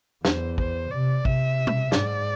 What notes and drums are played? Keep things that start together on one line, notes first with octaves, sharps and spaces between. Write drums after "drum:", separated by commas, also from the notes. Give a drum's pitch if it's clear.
E2 C5, drum: snare
C5, drum: kick
C3 D5
C3 E5, drum: kick
drum: tom B2
G#2 D5, drum: snare